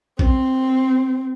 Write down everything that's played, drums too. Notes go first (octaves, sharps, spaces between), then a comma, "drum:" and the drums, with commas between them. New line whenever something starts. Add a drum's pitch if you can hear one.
C4, drum: kick A#1